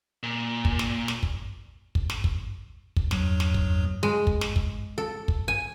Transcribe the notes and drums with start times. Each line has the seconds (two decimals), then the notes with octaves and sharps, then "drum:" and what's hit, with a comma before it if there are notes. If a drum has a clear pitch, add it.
0.23 A#2
0.65 drum: kick
0.79 drum: snare
1.08 drum: snare
1.23 drum: kick
1.95 drum: kick
2.10 drum: snare
2.24 drum: kick
2.96 drum: kick
3.11 E2 G2 F#3, drum: snare
3.40 drum: snare
3.54 drum: kick
4.03 G#3
4.27 drum: kick
4.41 drum: snare
4.56 drum: kick
4.98 A4
5.28 drum: kick
5.48 G#5